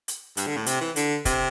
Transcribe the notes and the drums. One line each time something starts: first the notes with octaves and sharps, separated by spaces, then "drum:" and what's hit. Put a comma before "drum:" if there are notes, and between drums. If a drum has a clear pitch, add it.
drum: hi-hat
G2, drum: hi-hat
D3
A2
C3, drum: hi-hat
E3
D3, drum: hi-hat
C3, drum: kick, hi-hat